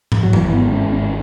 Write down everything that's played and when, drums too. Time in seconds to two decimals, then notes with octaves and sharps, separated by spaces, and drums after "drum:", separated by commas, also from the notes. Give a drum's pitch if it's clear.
0.12 drum: tom
0.23 F#3
0.33 G#1 E3, drum: tom G2
0.53 B3
0.59 G#2
0.72 C#4
0.85 G#1
0.92 C#4